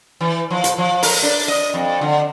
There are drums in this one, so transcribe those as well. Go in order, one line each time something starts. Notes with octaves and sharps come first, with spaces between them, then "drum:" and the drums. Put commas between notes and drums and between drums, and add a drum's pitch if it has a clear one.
E3
F3
drum: hi-hat
F3
A#4, drum: open hi-hat
D4
D#5
F2
D3